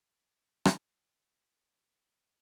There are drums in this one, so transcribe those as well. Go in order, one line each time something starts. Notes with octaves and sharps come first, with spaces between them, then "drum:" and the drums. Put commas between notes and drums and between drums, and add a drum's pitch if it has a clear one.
G#5 D#6
drum: rim click